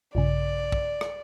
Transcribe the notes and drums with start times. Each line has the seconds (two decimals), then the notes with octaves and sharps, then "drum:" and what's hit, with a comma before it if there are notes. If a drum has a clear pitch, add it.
0.15 A#1 G2 C#3 D5
0.72 drum: kick
1.01 drum: rim click